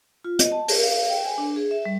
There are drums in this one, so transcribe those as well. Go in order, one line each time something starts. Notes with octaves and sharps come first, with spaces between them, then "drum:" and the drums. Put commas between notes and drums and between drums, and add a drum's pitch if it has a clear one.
F4
D#5, drum: hi-hat
A5
A#4, drum: open hi-hat
F5
F5
G5
G#5
D4
G#4
E5
G3